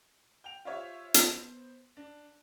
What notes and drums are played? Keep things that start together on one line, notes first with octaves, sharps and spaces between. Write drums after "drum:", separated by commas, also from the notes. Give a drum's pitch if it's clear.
G5 F7
F4 G4 C5 C#5 E5 F5
B3 C5, drum: hi-hat
D4